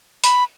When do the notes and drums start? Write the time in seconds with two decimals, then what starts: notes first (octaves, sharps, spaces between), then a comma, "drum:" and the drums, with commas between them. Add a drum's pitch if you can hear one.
0.24 B5, drum: hi-hat